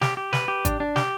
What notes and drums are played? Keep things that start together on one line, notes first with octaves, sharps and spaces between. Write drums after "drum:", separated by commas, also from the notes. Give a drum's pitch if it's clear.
G4, drum: snare
G4
B4, drum: snare
G4
D4, drum: kick G#1, hi-hat
D4
G4, drum: snare